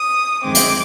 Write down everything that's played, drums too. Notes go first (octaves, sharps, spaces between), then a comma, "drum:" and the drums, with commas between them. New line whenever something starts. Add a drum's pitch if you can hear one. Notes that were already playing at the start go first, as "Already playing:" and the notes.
Already playing: D#6
F2 D#3 G#3 C4 D6
drum: hi-hat